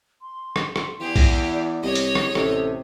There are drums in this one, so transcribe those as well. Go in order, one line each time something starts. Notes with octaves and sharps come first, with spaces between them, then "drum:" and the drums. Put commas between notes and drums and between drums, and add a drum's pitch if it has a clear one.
C6
drum: rim click
drum: rim click
E2 E3 G4 G#4
drum: kick B1, open hi-hat
D5
C2 G4 C#5 D#5
drum: hi-hat
drum: rim click
A1 C3 A4, drum: rim click